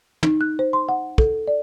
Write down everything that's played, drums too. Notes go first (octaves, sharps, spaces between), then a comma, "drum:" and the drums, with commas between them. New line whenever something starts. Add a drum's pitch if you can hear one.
D#4, drum: tom
F#6
C5
C6
F#5
A4, drum: kick
D5